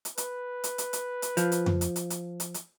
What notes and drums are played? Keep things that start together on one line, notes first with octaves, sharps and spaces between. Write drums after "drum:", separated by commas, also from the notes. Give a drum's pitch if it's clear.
drum: hi-hat
B4, drum: hi-hat
drum: hi-hat
drum: hi-hat
drum: hi-hat
drum: hi-hat
F3, drum: hi-hat
drum: hi-hat
drum: tom F2
drum: hi-hat
drum: hi-hat
drum: hi-hat
drum: hi-hat
drum: hi-hat